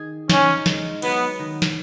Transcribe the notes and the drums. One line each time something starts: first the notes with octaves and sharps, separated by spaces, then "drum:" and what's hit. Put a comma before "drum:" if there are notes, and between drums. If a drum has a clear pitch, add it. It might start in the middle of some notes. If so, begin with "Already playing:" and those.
Already playing: D#3 G#4
C#4 D#4, drum: snare
G#3, drum: snare
F#3 B3, drum: cymbal
D#3
drum: snare